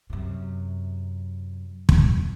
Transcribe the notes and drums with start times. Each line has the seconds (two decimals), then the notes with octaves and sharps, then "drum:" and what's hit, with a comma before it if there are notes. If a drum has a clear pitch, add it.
0.10 F#2 C3
1.89 drum: kick